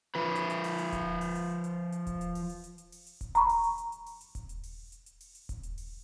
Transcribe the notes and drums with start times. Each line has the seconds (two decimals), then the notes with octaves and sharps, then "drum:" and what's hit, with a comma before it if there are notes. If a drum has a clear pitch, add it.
0.15 F3 B4
0.35 drum: hi-hat
0.50 drum: hi-hat
0.64 drum: open hi-hat
0.78 drum: hi-hat
0.92 drum: kick D#1, hi-hat
1.21 drum: open hi-hat
1.35 drum: hi-hat
1.64 drum: hi-hat
1.92 drum: hi-hat
2.07 drum: kick D#1, hi-hat
2.21 drum: hi-hat
2.35 drum: open hi-hat
2.49 drum: hi-hat
2.64 drum: hi-hat
2.78 drum: hi-hat
2.92 drum: open hi-hat
3.06 drum: hi-hat
3.21 drum: kick D#1, hi-hat
3.35 A#5 B5 C#6, drum: hi-hat
3.49 drum: open hi-hat
3.64 drum: hi-hat
3.78 drum: hi-hat
3.92 drum: hi-hat
4.06 drum: open hi-hat
4.21 drum: hi-hat
4.35 drum: kick D#1, hi-hat
4.49 drum: hi-hat
4.63 drum: open hi-hat
4.92 drum: hi-hat
5.06 drum: hi-hat
5.20 drum: open hi-hat
5.35 drum: hi-hat
5.49 drum: kick D#1, hi-hat
5.63 drum: hi-hat
5.78 drum: open hi-hat